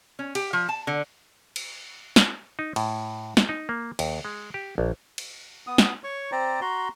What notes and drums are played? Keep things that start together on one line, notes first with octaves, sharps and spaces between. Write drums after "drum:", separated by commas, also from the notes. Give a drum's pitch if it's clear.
C#4
G4, drum: cymbal
F3
A5
D3
drum: cymbal
drum: snare
D#4
A2, drum: cymbal
drum: snare
D#4
A#3
D#2, drum: cymbal
G#3
G4
A#1
drum: cymbal
B3 D#6
drum: snare
C#5 C#6
C4 C5 D5 A#5
F#4 A#5 C6